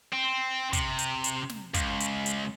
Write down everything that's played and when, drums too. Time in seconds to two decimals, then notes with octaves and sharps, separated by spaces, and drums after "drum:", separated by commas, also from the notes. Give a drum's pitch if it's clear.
0.13 C4
0.73 C3, drum: kick, hi-hat
0.99 drum: hi-hat
1.24 drum: hi-hat
1.49 drum: snare
1.74 C#2, drum: kick, hi-hat
2.00 drum: hi-hat
2.26 drum: hi-hat